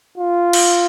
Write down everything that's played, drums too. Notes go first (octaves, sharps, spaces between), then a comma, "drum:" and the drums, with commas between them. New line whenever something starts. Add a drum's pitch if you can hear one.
F4
drum: cymbal